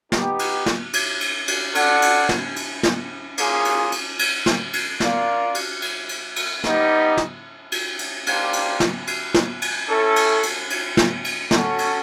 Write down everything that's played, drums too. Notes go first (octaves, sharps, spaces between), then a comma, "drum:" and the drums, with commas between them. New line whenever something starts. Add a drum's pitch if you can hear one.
B3 D#4 G4, drum: snare
drum: cymbal
drum: snare
drum: cymbal
drum: cymbal
drum: cymbal
F4 A4 D5 F#5, drum: cymbal
drum: cymbal
drum: snare
drum: cymbal
drum: snare
A#3 C#4 F4 G#4, drum: cymbal
drum: cymbal
drum: cymbal
drum: cymbal
drum: snare
drum: cymbal
F4 A#4 D5 F5, drum: snare
drum: cymbal
drum: cymbal
drum: cymbal
drum: cymbal
G3 B3 D#4 G4, drum: snare
drum: snare
drum: cymbal
drum: cymbal
A#3 D4 G4 C5 F5, drum: cymbal
drum: cymbal
drum: snare
drum: cymbal
drum: snare
drum: cymbal
C#4 E4 A4
drum: cymbal
drum: cymbal
drum: cymbal
drum: snare
drum: cymbal
C#4 F#4 A4, drum: snare
drum: cymbal